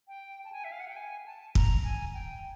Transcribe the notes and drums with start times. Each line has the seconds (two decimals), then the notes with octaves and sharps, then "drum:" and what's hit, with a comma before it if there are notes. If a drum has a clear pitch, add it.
0.08 G5
0.45 A5
0.52 G#5
0.64 E5
0.72 F5
0.80 F#5
0.88 G5
0.96 G#5
1.26 A5
1.55 A#5, drum: kick
1.84 G#5
2.13 G5